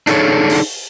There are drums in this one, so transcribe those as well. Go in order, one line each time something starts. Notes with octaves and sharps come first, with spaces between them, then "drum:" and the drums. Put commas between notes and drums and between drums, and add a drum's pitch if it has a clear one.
D4 D#4 G#4 A4 C#5, drum: hi-hat
drum: open hi-hat